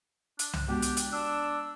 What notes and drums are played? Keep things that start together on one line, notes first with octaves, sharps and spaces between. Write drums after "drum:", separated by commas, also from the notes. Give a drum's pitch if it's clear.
D4, drum: hi-hat
drum: tom C2
G#3 B3 D4 F#4 G4
drum: hi-hat
drum: hi-hat
D4 E6